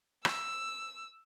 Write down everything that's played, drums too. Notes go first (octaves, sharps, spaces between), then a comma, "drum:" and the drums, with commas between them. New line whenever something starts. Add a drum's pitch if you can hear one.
E6, drum: rim click